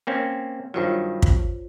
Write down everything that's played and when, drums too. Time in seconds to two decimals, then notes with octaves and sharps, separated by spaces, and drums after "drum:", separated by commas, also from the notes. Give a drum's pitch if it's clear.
0.07 A#3 C4 C#4
0.74 G2 D#3 F#3 F4 C5 C#5
1.22 drum: kick